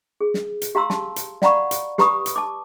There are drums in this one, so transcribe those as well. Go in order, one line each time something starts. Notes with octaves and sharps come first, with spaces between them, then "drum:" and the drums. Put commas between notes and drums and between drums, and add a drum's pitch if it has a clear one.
G#4
drum: snare
drum: hi-hat
G4 F5 A#5 C6 E6
A5, drum: snare
drum: hi-hat
D5 F5 F#5 A#5 B5 C#6, drum: snare
drum: hi-hat
G4 B4 A#5 B5 C#6 D#6, drum: snare
drum: hi-hat
A5 D6